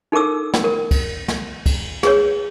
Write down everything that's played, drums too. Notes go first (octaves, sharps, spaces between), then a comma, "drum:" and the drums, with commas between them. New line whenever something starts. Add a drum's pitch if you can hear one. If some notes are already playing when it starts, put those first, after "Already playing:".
D#4 A4 A#4 D6 E6
drum: snare
A#4
drum: kick, cymbal
drum: snare
drum: kick, cymbal
G#4 B4 C#5, drum: snare